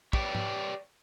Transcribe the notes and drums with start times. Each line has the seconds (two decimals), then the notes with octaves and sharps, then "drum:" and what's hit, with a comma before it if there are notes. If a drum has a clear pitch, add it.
0.13 G4 B4 C#5 D5 G5, drum: kick
0.35 drum: tom G#2